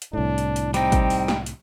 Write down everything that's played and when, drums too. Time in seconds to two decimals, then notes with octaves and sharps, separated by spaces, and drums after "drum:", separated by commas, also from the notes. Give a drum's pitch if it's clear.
0.02 drum: hi-hat
0.13 C2 A2 D4
0.38 drum: hi-hat
0.56 drum: hi-hat
0.74 G3 C4 D#4 G5, drum: hi-hat
0.92 drum: kick G#1, hi-hat
1.10 drum: open hi-hat
1.28 drum: snare
1.46 drum: hi-hat